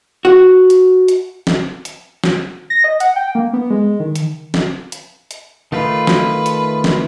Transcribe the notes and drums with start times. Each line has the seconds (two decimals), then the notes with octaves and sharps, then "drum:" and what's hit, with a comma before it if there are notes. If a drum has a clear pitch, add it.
0.25 F#4
0.70 drum: hi-hat
1.08 drum: hi-hat
1.47 drum: snare
1.85 drum: hi-hat
2.24 drum: snare
2.70 A#6
2.84 D#5
3.00 F#5, drum: hi-hat
3.16 G5
3.35 A#3
3.53 B3
3.70 G#3
4.00 D#3
4.15 drum: hi-hat
4.54 drum: snare
4.92 drum: hi-hat
5.31 drum: hi-hat
5.72 D#3 A3 F4 B4
6.07 drum: snare
6.46 drum: hi-hat
6.84 drum: snare